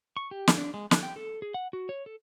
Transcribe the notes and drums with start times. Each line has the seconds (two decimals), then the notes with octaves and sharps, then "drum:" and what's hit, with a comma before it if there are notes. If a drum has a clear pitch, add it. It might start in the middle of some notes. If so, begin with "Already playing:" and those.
0.17 C#6
0.31 G4
0.48 drum: snare
0.58 D4
0.74 G#3
0.91 F#6, drum: snare
1.03 G5
1.16 A4
1.42 G#4
1.54 F#5
1.73 F#4
1.89 C#5
2.06 A4